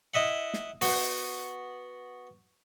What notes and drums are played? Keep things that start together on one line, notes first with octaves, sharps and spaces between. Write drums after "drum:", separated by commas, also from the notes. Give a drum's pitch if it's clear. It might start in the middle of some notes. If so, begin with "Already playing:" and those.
E4 D#5 E5 F#5
drum: snare
B3 F#4, drum: open hi-hat